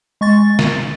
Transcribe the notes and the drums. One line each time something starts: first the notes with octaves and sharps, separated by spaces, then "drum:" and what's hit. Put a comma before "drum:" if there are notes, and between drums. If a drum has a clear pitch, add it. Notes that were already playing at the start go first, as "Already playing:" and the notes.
G#3 C#6 A6
drum: snare